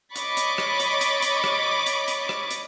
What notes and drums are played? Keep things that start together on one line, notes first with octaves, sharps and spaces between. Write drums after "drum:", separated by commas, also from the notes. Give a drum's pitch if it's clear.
C#5 D#5 B5 C#6 D6 A6, drum: hi-hat
drum: hi-hat
drum: rim click
drum: hi-hat
drum: hi-hat
drum: hi-hat
drum: rim click
drum: hi-hat
drum: hi-hat
drum: rim click
drum: hi-hat